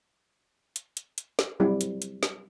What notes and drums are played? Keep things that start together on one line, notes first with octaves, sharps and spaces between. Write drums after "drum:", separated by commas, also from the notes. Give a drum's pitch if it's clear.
drum: hi-hat
drum: hi-hat
drum: hi-hat
drum: snare
F#3 G3 C4 E4
drum: hi-hat
drum: hi-hat
drum: snare